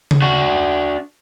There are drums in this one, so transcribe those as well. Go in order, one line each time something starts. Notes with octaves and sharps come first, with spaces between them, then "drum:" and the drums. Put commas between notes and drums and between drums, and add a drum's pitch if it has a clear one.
drum: tom C#3
D4 F#4